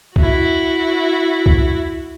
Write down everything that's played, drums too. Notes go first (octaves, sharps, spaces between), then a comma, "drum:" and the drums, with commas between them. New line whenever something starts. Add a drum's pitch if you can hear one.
E4 F#4, drum: kick C2
drum: kick C2